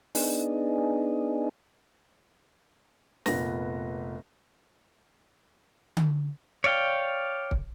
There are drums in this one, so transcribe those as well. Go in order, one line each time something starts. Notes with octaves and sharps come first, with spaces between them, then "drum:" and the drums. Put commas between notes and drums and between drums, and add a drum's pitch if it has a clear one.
B3 D4 D#4 G#4, drum: open hi-hat
F1 A#2 B3 A#6, drum: snare
drum: tom D3
C#5 D5 F5 G5
drum: kick